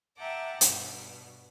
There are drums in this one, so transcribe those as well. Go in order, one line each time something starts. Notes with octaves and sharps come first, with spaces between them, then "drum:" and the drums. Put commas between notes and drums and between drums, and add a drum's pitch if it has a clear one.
E5 F#5 G5 A5 A#5 D6
G2 B2, drum: hi-hat